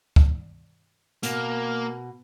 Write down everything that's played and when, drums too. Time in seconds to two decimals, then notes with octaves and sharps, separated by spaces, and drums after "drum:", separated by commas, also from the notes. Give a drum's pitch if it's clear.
0.16 drum: kick C#2
1.23 B2 A#3, drum: hi-hat